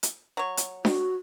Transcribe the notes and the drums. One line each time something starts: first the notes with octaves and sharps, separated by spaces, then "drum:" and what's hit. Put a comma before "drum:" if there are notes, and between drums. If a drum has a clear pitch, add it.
drum: hi-hat
F#3 C#5
drum: hi-hat
F#4, drum: snare D4